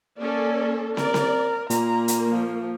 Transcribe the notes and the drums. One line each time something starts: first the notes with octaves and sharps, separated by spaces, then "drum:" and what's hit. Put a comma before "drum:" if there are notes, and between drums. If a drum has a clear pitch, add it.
A#3 C#4 A4 D5
A#4 D5, drum: snare
drum: snare
A#2 A#3 A#5, drum: hi-hat
drum: hi-hat
F3